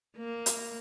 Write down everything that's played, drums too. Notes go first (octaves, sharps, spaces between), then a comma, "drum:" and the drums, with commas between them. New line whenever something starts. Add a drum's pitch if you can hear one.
A#3
drum: hi-hat